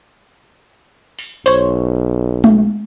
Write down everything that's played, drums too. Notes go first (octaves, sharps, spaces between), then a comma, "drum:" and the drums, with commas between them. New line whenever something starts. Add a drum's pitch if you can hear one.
drum: open hi-hat
B1 C5 C#5, drum: hi-hat
drum: tom G#3